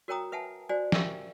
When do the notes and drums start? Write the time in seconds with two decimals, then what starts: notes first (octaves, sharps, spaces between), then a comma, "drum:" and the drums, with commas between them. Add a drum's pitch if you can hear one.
0.08 F#4 A#4 C#5 G5 A#5 D#6
0.32 B4 E5 F#5 G#5 A5
0.69 F#4 C5 D5 G#5
0.92 C#4 G4 A#4 E5 F5, drum: snare